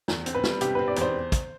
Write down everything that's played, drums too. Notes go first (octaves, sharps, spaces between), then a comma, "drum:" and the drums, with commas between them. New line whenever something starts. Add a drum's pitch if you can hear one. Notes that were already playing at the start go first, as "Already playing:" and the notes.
E2, drum: snare
C4, drum: hi-hat
B4
G3, drum: snare
C3 G4, drum: hi-hat
C4 B4
D5
E2 C5, drum: hi-hat
drum: kick, hi-hat